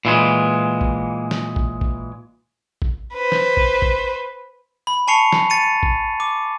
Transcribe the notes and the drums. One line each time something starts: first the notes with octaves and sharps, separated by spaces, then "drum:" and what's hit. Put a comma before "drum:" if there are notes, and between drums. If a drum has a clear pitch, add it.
A#2 E3 G#3
drum: kick A1
drum: snare
drum: kick A1
drum: kick A1
drum: kick A1
B4 C5
drum: snare
drum: kick A1
drum: kick A1
B5
G#5 A5 C#6 C7 C#7 F7
drum: snare
A6 C#7 D#7
drum: kick A1
D6